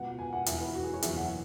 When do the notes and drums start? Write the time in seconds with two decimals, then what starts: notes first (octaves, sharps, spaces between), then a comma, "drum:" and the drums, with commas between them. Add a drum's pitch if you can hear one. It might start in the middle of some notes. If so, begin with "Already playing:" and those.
Already playing: C#2 B2 B3 F#5
0.19 G#5
0.33 F#5
0.46 E1 E2 E3 E5, drum: hi-hat
0.60 B4
0.75 F#4
0.84 G#4
0.94 C#5
1.02 F#1 E2 B2 E5, drum: hi-hat
1.17 F#5